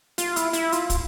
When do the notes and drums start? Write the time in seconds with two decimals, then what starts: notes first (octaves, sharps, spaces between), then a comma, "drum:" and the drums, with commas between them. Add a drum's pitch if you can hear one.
0.18 F4, drum: hi-hat
0.36 E4, drum: hi-hat
0.53 E4, drum: hi-hat
0.72 F4, drum: hi-hat
0.90 drum: kick, hi-hat